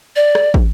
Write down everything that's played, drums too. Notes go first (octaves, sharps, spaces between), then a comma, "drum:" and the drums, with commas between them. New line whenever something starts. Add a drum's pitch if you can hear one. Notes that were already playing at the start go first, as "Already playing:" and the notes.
D5
drum: rim click
drum: kick